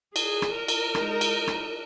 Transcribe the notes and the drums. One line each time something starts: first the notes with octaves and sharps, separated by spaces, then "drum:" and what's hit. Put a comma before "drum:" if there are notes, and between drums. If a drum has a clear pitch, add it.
G#4, drum: cymbal
drum: rim click
A#4
drum: cymbal
G#3 D#4, drum: rim click
drum: cymbal
drum: rim click